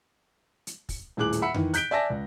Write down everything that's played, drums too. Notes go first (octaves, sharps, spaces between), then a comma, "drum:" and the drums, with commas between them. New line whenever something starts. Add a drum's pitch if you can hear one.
drum: hi-hat
drum: kick, open hi-hat
D#1 A2 G#4 D6 F#6 F#7
drum: hi-hat
E5 F#5 B5 E6 C#7
D#3 E3, drum: tom F2
F#6 G6 B6 D7 G7, drum: hi-hat
D5 E5 G#5 A5 A#6
C#2